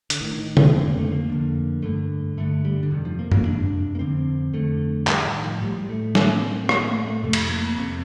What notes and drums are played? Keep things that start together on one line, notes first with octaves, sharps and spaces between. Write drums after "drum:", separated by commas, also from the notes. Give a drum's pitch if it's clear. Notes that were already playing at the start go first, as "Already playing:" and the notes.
D3, drum: hi-hat
A2 D#3
D#3
D4, drum: tom C3
F2 D3 C4
A#3
A3
A#3
F2 D3
G2 D3 A3
G2 D3 A3
G3
D3
F2 C3 D#3
F3
A#3
A#3, drum: tom F#2
F2 C3 D4
A#3
F2 D3 C4
F2 D3 A3
A2 G3, drum: clap
D#3
F3
A2 G3
G3
A3
A2 A#3, drum: snare
C4
C4
A2 A#3, drum: rim click
A3
A3
F2 C3 A3
drum: cymbal
A#3
F2 C3 C4